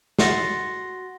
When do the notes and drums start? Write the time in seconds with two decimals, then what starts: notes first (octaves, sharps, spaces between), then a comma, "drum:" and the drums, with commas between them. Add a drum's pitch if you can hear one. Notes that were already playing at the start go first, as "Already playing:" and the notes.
0.19 F#4 F#5 C6 A6 A#6, drum: snare